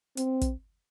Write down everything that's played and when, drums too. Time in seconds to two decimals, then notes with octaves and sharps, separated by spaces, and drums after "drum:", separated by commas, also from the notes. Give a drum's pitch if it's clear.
0.17 C4, drum: hi-hat
0.41 drum: kick, hi-hat